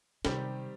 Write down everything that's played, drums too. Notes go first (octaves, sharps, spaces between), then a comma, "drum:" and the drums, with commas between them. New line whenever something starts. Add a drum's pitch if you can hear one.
C3 D#3 G3 C4 G4, drum: snare